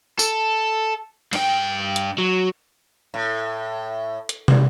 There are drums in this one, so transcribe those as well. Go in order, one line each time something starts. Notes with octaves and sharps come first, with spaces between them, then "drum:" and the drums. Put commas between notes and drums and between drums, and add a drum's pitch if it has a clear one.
A4, drum: tambourine
G2 G5, drum: cymbal
drum: hi-hat
F#3
A2
drum: hi-hat
drum: tom